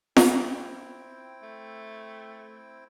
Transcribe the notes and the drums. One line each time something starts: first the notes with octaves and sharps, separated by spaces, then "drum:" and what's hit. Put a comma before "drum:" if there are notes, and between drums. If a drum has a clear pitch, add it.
C4 E4 G5, drum: snare F4
A3